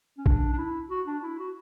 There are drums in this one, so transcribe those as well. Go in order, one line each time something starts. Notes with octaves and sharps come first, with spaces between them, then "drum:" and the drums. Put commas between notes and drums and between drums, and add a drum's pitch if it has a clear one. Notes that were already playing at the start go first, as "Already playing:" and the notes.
C#4
D4, drum: kick A#1
D4
E4
F#4
D4
E4
F#4